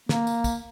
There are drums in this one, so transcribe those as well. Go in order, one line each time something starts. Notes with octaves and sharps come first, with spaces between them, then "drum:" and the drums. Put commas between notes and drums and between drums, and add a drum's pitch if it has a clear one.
A#3, drum: snare
drum: tambourine
drum: kick, tambourine